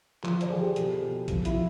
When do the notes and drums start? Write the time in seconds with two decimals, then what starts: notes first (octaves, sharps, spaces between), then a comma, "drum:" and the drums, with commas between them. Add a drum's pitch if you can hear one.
0.23 F3, drum: clap
0.41 C5 D5, drum: hi-hat
0.51 F3 G#4
0.59 G4 A4
0.76 B2, drum: hi-hat
1.02 B2
1.28 F3, drum: kick A#1, hi-hat
1.45 E4 F#4, drum: hi-hat
1.54 F3